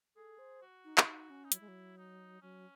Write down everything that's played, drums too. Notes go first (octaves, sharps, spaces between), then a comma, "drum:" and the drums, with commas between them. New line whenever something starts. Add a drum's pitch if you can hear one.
G#4 A4
C5
F#4
D#4
E4, drum: clap
D#4
C#4
D#4
F#3 E4, drum: hi-hat
G#3
F#3
D#4
F#3 C#4